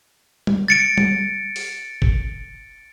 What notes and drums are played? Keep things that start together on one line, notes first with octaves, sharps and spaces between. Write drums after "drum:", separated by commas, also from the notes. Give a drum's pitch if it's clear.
drum: tom G3
A6 C#7 D7
drum: tom G3
drum: open hi-hat
drum: kick